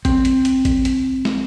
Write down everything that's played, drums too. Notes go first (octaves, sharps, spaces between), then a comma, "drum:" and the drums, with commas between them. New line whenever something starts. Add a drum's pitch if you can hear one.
C4, drum: kick A1, hi-hat
drum: hi-hat
drum: hi-hat
drum: kick A1, hi-hat
drum: hi-hat
drum: snare